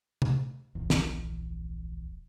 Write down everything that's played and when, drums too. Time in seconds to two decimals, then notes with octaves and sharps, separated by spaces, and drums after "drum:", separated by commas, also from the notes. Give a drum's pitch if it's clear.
0.22 drum: tom C3
0.75 D1 A#1 E2
0.90 drum: snare